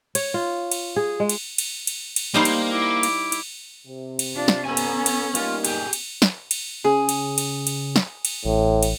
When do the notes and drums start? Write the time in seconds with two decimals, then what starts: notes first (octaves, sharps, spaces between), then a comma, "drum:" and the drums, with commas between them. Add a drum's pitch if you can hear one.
0.15 C#5, drum: cymbal
0.34 F4
0.72 drum: cymbal
0.96 G#4
1.20 G#3
1.29 drum: cymbal
1.58 drum: cymbal
1.87 drum: cymbal
2.16 drum: cymbal
2.34 G3 A#3 D#4 C5
2.45 drum: cymbal
2.70 E4 D6
3.03 drum: cymbal
3.32 drum: cymbal
3.86 C3
4.19 drum: cymbal
4.35 D4 F4
4.48 drum: snare
4.65 B3 C#4 A4 G#5
4.77 drum: cymbal
5.06 drum: cymbal
5.35 G3 A#3 D#4 F4, drum: cymbal
5.65 G4 G#4, drum: cymbal
5.93 drum: cymbal
6.22 drum: snare
6.51 drum: cymbal
6.84 C#3 G#4
7.09 drum: cymbal
7.38 drum: cymbal
7.67 drum: cymbal
7.96 drum: snare
8.25 drum: cymbal
8.45 A1 A2
8.83 drum: cymbal